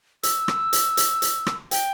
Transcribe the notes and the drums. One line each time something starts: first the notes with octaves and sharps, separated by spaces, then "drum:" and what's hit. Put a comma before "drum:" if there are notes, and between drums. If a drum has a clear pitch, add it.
E6, drum: hi-hat
drum: rim click
drum: hi-hat
drum: hi-hat
drum: hi-hat
drum: rim click
G5, drum: hi-hat